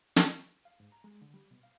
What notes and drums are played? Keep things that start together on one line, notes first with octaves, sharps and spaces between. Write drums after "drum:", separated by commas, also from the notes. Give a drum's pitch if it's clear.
drum: snare
F5
G#2
A#5
G#3
D3
G3
B2
F5